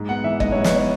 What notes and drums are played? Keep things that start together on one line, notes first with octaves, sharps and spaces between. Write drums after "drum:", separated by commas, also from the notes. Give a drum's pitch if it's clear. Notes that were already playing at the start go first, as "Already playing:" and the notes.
Already playing: G#2
B3 F#5
E3 E5
G#2 D#5, drum: kick F#1
C#5
G#2
B4, drum: snare
B3 C#5